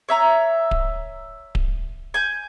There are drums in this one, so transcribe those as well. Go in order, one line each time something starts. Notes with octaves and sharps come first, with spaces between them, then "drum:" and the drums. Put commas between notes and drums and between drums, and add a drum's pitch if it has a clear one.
C#5 E5 A#5
drum: kick D1
drum: kick D1
G#5 G6